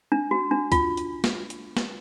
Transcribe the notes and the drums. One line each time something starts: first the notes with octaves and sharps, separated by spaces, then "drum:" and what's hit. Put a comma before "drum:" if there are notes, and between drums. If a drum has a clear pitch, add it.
D4
F#4
D4
F4, drum: kick, hi-hat
drum: hi-hat
drum: snare
drum: hi-hat
drum: snare